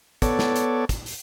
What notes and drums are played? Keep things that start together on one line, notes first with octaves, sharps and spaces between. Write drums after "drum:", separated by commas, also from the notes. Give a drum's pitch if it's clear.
B3 A4 C#5 D5, drum: kick, hi-hat
drum: snare
drum: hi-hat
drum: kick, hi-hat
drum: open hi-hat